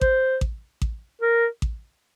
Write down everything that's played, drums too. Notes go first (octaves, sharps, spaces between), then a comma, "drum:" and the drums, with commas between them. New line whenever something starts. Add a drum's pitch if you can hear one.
C5, drum: kick A1
drum: kick A1
drum: kick A1
A#4
drum: kick A1